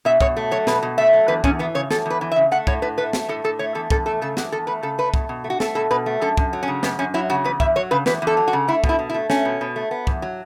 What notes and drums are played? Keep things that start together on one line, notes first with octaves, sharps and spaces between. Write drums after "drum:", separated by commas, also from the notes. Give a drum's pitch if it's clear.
B2 E5
B2 C#5, drum: kick
A3
F#3 C#5
B2 B4, drum: snare
B2
A3 E5
F#3
E2 B4
E2 C#4, drum: kick
E3 B3
C#3 C#5
E2 A4, drum: snare
E2 B4
E3
E5
C#3
A3 F#5
A2 C#5, drum: kick
A2 B4
A3 B4
A3, drum: snare
A2 A4
A2 A4
A3 C#5
E2 A4
E2 A4, drum: kick
A3 A4
C#3 A4
E2 F#4, drum: snare
E2 A4
A3 B4
C#3 A4
A3 B4
B2, drum: kick
B2
A3
F#4
A3 A4, drum: snare
B2 A4
B2 B4
A3
F#2 A4
F#2, drum: kick
F#3
C#4
C#3
F#2 B3, drum: snare
F#2 C#4
F#3 E4
C#3 F#4
E2 B4
E2 E5, drum: kick
F#3 C#5
C#3 B4
E2 B4, drum: snare
E2
A4
F#3
F#4
C#3
A3 E4
B2, drum: kick
E4
B2
E4
A3
A3 C#4, drum: snare
B2
B2
A3
B3
E2, drum: kick
F#3